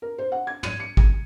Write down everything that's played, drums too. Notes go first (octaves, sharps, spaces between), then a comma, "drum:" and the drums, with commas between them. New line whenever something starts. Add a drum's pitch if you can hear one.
A#4
C5
F#5
G#6
D#7, drum: tom
C#7
drum: kick